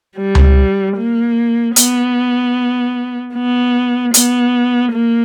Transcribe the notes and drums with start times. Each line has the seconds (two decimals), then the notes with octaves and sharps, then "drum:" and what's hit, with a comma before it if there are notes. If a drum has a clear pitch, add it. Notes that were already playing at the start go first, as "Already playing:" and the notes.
0.17 G3
0.35 drum: tom C#2
0.97 A#3
1.76 B3, drum: hi-hat
3.34 B3
4.14 B3, drum: hi-hat
4.93 A#3